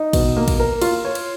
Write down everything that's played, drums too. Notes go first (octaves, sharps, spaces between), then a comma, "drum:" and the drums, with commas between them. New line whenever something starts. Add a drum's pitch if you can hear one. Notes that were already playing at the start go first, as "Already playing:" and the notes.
Already playing: D#4
B2, drum: kick, cymbal
A#3
drum: kick, cymbal
A#4
F4, drum: cymbal
C#5
drum: cymbal